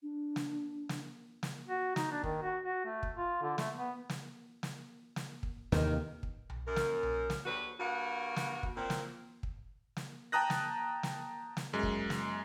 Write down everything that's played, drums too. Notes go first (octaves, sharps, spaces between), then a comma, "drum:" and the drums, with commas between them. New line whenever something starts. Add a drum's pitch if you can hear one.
D4
drum: snare
drum: snare
drum: snare
F#4
D#4, drum: snare
D4
D#3, drum: kick
F#4
F#4
A3
drum: kick
F4
D3
A3, drum: snare
B3
drum: snare
drum: snare
drum: snare
drum: kick
D#2 C3 D#3 E3, drum: snare
drum: kick
drum: tom B1
F#2 A#4
drum: snare
drum: tom B1
drum: snare
D2 F#3 G3 F#4 B4
G2 A#3 F#4
drum: snare
drum: kick
A#2 C4
drum: snare
drum: kick
drum: snare
G5 A5 A#5 D#6 F#6 A#6
drum: snare
drum: snare
drum: snare
F#2 G#3
drum: kick
drum: snare